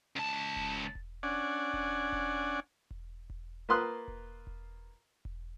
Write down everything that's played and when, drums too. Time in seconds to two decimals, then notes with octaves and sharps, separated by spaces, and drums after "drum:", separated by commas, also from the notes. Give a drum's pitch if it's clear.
0.16 C#2 A5
0.56 drum: kick E1
0.95 drum: kick E1
1.23 C#4 D4 D5 F#5 G#5
1.73 drum: kick E1
2.12 drum: kick E1
2.91 drum: kick E1
3.30 drum: kick E1
3.69 A#3 F4 B4 C6 D#6 F#6
4.08 drum: kick E1
4.47 drum: kick E1
5.25 drum: kick E1